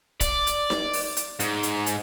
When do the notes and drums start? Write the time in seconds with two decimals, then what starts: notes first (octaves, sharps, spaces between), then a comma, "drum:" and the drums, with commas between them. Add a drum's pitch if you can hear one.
0.20 D5, drum: kick, hi-hat
0.47 drum: hi-hat
0.70 drum: snare D#4
0.93 drum: open hi-hat
1.17 drum: hi-hat
1.40 G#2, drum: hi-hat
1.63 drum: hi-hat
1.86 drum: hi-hat